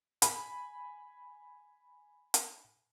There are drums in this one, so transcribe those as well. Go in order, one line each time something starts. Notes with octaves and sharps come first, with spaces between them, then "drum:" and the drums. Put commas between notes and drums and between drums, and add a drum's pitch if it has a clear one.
G#5 B5, drum: hi-hat
drum: hi-hat